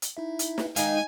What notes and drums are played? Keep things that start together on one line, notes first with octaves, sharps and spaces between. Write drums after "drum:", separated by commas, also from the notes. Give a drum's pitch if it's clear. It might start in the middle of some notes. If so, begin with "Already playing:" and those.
drum: hi-hat
D#4 E4 E5
drum: hi-hat
drum: snare
D#3 G#3 D#4 F5 G#5, drum: hi-hat